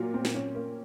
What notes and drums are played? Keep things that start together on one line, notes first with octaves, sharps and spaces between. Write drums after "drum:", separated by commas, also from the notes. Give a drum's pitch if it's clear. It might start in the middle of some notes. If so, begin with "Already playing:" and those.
Already playing: A#2 F#3 F4
C4
drum: snare
C#4
A#3